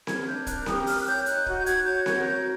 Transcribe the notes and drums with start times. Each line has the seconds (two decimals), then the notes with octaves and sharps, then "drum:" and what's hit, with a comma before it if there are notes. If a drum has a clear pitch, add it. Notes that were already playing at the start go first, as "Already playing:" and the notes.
0.07 A#4 G#6, drum: snare C4
0.27 D4 G6
0.47 A#4 F#6, drum: kick, hi-hat
0.66 G4 D#6, drum: snare C4
0.87 A#4 F6, drum: open hi-hat
1.01 F#6
1.07 C#5 G6
1.26 D#4 F#6, drum: hi-hat
1.46 F#4, drum: kick
1.59 G6
1.66 F#4 G#6, drum: hi-hat
1.86 C#5 G6
2.06 A#4 G#6, drum: snare C4
2.26 F#4 G6